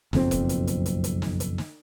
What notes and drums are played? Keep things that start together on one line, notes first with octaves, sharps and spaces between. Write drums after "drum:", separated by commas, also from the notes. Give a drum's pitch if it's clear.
F#1 B1 F2 C4, drum: snare
drum: kick F1, hi-hat
drum: hi-hat
drum: hi-hat
drum: hi-hat
drum: hi-hat
drum: snare
drum: hi-hat
drum: snare